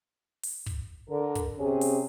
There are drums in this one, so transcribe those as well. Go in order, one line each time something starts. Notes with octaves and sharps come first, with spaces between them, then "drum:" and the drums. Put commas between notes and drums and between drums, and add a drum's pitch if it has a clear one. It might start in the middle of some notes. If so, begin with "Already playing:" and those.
drum: open hi-hat
drum: kick
D3 A#4
drum: kick, hi-hat
C3 C#4 G#4
drum: open hi-hat